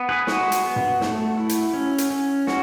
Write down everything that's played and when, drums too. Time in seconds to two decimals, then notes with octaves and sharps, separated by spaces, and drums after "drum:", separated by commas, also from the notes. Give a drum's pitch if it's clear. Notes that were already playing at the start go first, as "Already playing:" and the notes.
Already playing: B3
0.09 G#4 B4
0.27 G#3 F#4, drum: snare
0.52 drum: hi-hat
0.64 B3
0.76 drum: tom G2
1.01 A3, drum: snare
1.37 E4
1.49 drum: hi-hat
1.74 C#4
1.98 drum: hi-hat
2.10 C#4
2.47 G#3 F#4, drum: snare